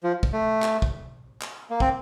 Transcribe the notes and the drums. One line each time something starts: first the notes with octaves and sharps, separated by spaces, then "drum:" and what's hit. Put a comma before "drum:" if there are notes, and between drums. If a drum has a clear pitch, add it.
F3
drum: kick
A3
drum: clap
drum: kick
drum: clap
A#3
C4, drum: kick